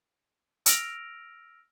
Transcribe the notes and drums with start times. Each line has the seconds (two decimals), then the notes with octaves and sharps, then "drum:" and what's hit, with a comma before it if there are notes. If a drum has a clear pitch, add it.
0.66 E6 F6 A#6 D7 F7, drum: hi-hat